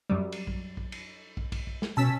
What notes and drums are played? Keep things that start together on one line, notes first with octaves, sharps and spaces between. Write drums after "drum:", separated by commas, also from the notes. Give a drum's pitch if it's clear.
F#2 F#3 G3
drum: cymbal
drum: kick
drum: kick
drum: cymbal
drum: kick
drum: kick, cymbal
drum: kick
drum: snare
B2 C#4 A5 E6 B6